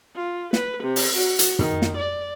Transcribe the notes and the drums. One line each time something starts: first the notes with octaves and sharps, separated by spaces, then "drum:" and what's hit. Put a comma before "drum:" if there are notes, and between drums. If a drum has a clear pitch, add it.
F4
B4, drum: snare
C3
drum: open hi-hat
F#4
drum: hi-hat
D#3, drum: tom
drum: snare
D5